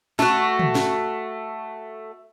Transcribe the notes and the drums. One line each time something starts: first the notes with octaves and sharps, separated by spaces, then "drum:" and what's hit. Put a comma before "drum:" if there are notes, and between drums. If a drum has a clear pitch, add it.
A3 F#4, drum: snare
drum: tom
drum: snare